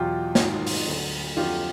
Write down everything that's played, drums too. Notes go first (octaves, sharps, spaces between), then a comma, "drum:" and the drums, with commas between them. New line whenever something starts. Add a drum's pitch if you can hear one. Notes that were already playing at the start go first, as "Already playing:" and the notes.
Already playing: E2 B2 F#3 F4 G4
G#2 D#3 F#3, drum: snare
drum: open hi-hat
D2 D3 F#3
F2 D3 F#3 F4 G4